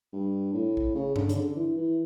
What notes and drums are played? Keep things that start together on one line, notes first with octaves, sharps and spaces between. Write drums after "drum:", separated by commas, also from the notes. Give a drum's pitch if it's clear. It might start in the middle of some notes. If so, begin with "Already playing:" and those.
G2
A2
drum: kick A#1
C#3
D3, drum: tom G2
C#3, drum: hi-hat
D3
E3
E3